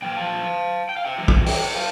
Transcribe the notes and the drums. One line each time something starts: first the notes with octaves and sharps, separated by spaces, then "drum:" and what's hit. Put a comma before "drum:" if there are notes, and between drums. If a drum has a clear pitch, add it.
A#2 F3 G5
F5 A5
G5
F5
E5 G5
E2 E3 G3
drum: kick
E5 G5, drum: open hi-hat
F5 A5